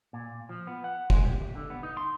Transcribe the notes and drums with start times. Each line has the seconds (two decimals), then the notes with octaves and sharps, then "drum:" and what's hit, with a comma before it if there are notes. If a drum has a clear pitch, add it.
0.13 A#2
0.49 F3
0.67 B3
0.84 F#5
1.10 G#3, drum: kick
1.25 G4
1.55 D3
1.70 B3
1.83 D#4
1.97 C6